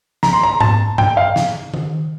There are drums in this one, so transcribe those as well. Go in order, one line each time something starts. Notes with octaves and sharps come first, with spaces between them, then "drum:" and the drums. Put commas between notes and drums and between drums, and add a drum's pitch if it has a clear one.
A#5, drum: snare
C6
A#5
A5, drum: tom G#2
G5, drum: tom G2
F5
drum: snare
drum: tom D#3